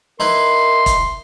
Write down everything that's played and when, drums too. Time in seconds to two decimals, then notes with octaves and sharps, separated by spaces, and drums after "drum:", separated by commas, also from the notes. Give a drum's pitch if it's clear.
0.20 D#4 E4 A#4 B4 C6
0.86 drum: kick, hi-hat